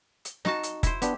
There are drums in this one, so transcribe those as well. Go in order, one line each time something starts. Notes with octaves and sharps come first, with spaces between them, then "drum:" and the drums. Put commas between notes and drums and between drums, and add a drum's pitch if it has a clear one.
drum: hi-hat
D#4 F#4 A5, drum: snare
drum: hi-hat
E4 C5, drum: kick F1, hi-hat
B3 D4 G4, drum: hi-hat